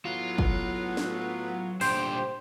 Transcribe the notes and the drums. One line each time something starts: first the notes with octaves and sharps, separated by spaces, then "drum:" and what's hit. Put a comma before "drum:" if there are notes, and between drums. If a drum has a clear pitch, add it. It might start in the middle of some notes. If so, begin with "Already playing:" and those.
A2 F#3 B3 F4 F#4
drum: kick
drum: snare
A#2 D3 G3 G4 C5, drum: open hi-hat